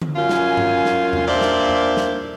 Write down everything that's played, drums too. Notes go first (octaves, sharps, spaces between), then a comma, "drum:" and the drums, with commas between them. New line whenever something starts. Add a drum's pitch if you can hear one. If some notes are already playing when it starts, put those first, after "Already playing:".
drum: tom D3
F#2 F4 G#5
drum: snare
drum: tom G2
drum: snare
drum: tom E2
A#2 D4 C5 D5 E5 F5
drum: snare
drum: tom E2
drum: snare